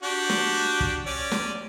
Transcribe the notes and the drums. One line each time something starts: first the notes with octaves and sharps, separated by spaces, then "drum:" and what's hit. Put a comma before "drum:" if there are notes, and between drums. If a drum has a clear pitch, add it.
D4 F#4 G4
drum: snare
drum: kick
C#4 D5
drum: snare